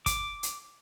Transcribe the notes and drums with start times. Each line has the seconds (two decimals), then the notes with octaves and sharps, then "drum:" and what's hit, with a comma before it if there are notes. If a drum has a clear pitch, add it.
0.06 D6, drum: kick, hi-hat
0.43 drum: hi-hat